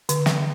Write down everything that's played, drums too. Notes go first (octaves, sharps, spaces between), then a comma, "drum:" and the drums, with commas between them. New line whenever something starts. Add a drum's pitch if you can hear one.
D3, drum: hi-hat
drum: snare